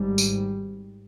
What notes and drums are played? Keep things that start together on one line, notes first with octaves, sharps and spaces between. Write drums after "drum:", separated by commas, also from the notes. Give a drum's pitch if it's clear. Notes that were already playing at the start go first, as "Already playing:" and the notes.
Already playing: G#1 G#2 G3
drum: tambourine